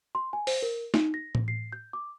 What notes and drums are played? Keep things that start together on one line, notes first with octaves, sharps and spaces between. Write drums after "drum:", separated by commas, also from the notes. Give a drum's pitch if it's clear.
C6
G#5
C5, drum: open hi-hat
A#4
D#4, drum: snare
A#6
drum: tom A2
C7
G6
D6